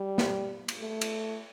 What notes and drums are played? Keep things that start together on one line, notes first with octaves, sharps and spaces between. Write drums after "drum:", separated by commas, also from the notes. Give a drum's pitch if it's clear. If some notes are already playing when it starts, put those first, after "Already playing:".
Already playing: G3
drum: snare
drum: cymbal
A3
drum: cymbal